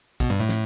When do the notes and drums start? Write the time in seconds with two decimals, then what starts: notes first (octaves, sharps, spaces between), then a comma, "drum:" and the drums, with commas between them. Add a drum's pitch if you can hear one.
0.20 B2, drum: kick, hi-hat
0.30 G2
0.40 A2
0.49 drum: snare